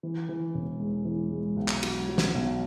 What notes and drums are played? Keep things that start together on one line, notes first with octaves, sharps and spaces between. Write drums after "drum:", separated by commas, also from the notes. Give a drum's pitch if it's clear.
E3
E3
E1
G#3
E3
G#3
B1
drum: clap
F#3, drum: cymbal
F#3
drum: snare
B1